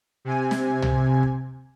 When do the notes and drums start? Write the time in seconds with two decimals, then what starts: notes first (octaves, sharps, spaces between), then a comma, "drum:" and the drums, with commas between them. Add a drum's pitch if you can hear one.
0.25 C3 G#5
0.51 drum: snare
0.82 drum: tom
1.23 drum: kick